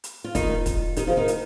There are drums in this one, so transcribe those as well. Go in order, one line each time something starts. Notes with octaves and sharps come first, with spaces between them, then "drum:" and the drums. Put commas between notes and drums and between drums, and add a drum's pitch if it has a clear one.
drum: hi-hat
F4
D#3 D#4 F4, drum: kick, hi-hat
drum: kick, hi-hat
D#3 D#4 G4, drum: hi-hat
F3 F4 G#4
D#3 D#4 A#4
drum: hi-hat